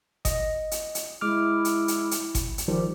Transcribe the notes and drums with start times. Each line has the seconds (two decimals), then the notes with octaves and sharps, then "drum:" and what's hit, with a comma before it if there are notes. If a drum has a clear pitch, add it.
0.25 D#5, drum: kick G1, hi-hat
0.71 drum: hi-hat
0.95 drum: hi-hat
1.21 G#3 E4 D6 F6
1.65 drum: hi-hat
1.88 drum: hi-hat
2.11 drum: hi-hat
2.35 drum: kick G1, hi-hat
2.58 drum: hi-hat
2.68 D#3 F3 G3 G4